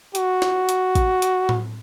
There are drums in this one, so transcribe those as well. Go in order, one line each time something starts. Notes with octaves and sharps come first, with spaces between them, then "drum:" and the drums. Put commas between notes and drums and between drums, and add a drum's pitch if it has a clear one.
F#4, drum: hi-hat
drum: snare
drum: hi-hat
drum: kick, hi-hat
drum: hi-hat
drum: tom A2